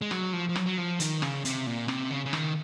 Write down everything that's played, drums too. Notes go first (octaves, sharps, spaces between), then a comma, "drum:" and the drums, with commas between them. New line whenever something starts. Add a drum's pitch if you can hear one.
G#3
F#3, drum: rim click
F3
F3
F#3, drum: rim click
F#3
F3
D#3, drum: hi-hat
C#3, drum: rim click
C3, drum: hi-hat
A#2
C3, drum: rim click
C#3
C#3
D#3, drum: rim click